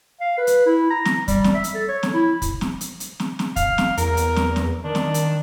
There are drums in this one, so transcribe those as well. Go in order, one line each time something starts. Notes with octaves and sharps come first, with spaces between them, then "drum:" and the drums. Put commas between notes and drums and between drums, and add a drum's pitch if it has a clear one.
F5
B4
drum: hi-hat
E4
A#5
drum: snare
G3, drum: kick, hi-hat
drum: snare
E5
drum: hi-hat
A4
C#5
drum: snare
E4
drum: kick, hi-hat
drum: snare
drum: hi-hat
drum: hi-hat
drum: snare
drum: snare
F5, drum: kick, hi-hat
drum: snare
E2 A#4, drum: hi-hat
drum: hi-hat
drum: snare
drum: snare
D#3 D4
drum: snare
drum: hi-hat